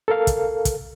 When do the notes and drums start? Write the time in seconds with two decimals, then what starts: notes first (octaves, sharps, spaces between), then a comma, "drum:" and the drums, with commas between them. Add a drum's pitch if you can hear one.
0.08 A4 A#4 F5
0.27 drum: kick, hi-hat
0.65 drum: kick, hi-hat